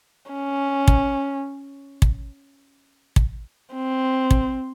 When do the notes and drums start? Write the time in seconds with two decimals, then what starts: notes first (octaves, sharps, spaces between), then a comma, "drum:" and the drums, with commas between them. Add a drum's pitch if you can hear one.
0.31 C#4
0.88 drum: kick
2.02 drum: kick
3.16 drum: kick
3.74 C4
4.31 drum: kick